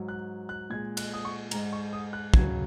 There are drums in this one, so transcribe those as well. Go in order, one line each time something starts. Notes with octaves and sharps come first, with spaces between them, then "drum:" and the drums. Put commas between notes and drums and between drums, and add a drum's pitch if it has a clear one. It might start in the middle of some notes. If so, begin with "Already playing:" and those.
Already playing: G#2 F#3
F#6
F#6
A#2 G#3 G#6
F#6, drum: cymbal
D#6
C#6
G#2 G#3 A#5, drum: cymbal
C#6
D#6
F#6
F#2 C#3 F#3 G#6, drum: kick